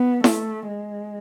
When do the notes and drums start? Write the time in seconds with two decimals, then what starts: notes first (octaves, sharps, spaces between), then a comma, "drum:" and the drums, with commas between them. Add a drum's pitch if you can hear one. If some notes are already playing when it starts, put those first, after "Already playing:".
Already playing: B3
0.24 A3, drum: snare E4
0.68 G#3